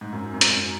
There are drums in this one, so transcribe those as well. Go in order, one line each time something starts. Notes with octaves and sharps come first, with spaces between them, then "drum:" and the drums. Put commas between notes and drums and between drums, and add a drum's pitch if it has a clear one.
G#2
F#2
F#2
G#2, drum: hi-hat
F#2